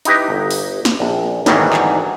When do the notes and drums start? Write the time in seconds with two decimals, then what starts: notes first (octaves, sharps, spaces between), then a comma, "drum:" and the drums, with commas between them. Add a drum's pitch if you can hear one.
0.05 D#4 E4 G4 B4 D#5, drum: hi-hat
0.30 G1
0.51 drum: open hi-hat
0.85 drum: snare
1.00 A#1
1.46 G#1 D2 D#3 E3 F#3 G3, drum: snare
1.73 drum: clap